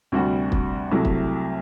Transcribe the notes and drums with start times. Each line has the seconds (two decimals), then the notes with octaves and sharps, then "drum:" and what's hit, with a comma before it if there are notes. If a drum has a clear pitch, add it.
0.12 D2 C3 G3 D4 F#4
0.52 drum: kick
0.92 C2 C3 F#3 A3 E4
1.05 drum: kick